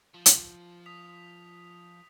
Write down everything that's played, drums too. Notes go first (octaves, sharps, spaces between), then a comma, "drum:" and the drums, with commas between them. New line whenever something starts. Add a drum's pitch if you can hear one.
F3
drum: hi-hat
D#6 B6 F7